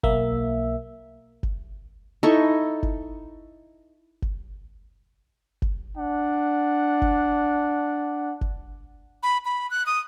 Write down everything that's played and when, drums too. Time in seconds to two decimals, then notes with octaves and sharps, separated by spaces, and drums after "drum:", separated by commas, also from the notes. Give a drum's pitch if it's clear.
0.03 B1 A#3 E5, drum: kick F#1
1.43 drum: kick F#1
2.23 D#4 E4 A4 C#6
2.83 drum: kick F#1
4.22 drum: kick F#1
5.62 drum: kick F#1
5.97 D4 F#5
7.02 drum: kick F#1
8.41 drum: kick F#1
9.23 B5
9.45 B5
9.71 F#6
9.86 D#6